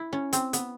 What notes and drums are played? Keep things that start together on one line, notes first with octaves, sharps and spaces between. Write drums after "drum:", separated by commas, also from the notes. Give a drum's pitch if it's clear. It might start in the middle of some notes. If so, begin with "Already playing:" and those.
Already playing: E4
C#4
C4, drum: hi-hat
B3, drum: hi-hat